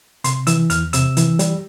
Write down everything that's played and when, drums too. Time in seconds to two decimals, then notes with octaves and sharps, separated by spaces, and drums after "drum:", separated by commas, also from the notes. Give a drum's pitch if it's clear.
0.24 C3 C6, drum: hi-hat
0.47 E3 E6, drum: hi-hat
0.70 E2 F6, drum: hi-hat
0.93 C3 E6, drum: hi-hat
1.17 E3, drum: hi-hat
1.39 G3, drum: hi-hat